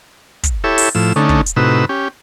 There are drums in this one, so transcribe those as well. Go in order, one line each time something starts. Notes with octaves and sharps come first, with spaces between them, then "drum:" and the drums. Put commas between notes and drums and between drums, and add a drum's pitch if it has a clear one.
drum: kick, hi-hat
E4 G4 A4 C#5 E5
drum: open hi-hat
A2 F3 E6
D3 A3 C#4 D#4
drum: kick
drum: hi-hat
A2 C3 D#4 F#4 B4 E6
C#4 G4